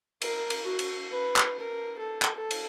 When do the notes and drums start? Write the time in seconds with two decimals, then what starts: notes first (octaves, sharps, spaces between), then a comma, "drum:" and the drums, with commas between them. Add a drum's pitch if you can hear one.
0.22 A#4, drum: cymbal
0.50 drum: cymbal
0.65 F#4
0.79 drum: cymbal
1.11 B4
1.36 drum: clap
1.59 A#4
1.98 A4
2.22 drum: clap
2.35 A4
2.51 drum: cymbal